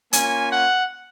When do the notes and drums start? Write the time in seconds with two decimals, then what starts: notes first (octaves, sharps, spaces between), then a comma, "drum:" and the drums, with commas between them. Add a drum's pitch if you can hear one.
0.13 A#3 C#4 F4 G#5, drum: hi-hat
0.51 F#5